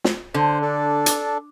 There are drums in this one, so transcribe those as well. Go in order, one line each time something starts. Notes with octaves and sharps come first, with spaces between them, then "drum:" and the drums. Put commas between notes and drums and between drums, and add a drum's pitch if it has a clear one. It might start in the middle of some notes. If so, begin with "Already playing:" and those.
drum: snare
D3 C5
D4 A4
drum: hi-hat